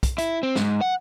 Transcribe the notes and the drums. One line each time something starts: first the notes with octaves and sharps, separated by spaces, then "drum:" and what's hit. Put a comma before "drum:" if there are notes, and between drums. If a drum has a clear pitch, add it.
drum: kick, hi-hat
E4, drum: hi-hat
C4
G#2, drum: snare
F#5